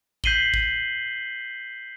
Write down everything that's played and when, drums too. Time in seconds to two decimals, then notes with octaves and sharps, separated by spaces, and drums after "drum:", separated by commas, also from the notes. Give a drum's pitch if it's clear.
0.24 G6 B6 C7 D#7 F#7 G7, drum: kick
0.54 drum: kick